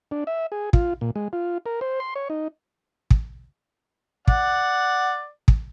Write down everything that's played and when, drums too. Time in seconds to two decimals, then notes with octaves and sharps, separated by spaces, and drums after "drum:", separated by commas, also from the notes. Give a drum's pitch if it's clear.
0.11 D4
0.27 E5
0.52 G#4
0.73 F4, drum: kick
1.01 A#2
1.16 G#3
1.33 F4
1.66 A#4
1.81 C5
2.00 C6
2.16 C#5
2.30 D#4
3.11 drum: kick
4.28 D5 F#5, drum: kick
5.48 drum: kick